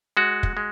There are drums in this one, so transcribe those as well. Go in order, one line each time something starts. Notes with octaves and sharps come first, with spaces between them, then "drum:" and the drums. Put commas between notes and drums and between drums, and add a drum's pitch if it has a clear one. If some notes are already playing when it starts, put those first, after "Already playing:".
G#3 F#4
drum: kick
G#3